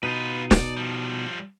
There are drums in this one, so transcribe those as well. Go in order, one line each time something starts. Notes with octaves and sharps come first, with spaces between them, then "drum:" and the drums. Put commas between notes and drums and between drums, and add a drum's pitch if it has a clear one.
B2 D#4 F4 B4
D5, drum: snare
F3 G3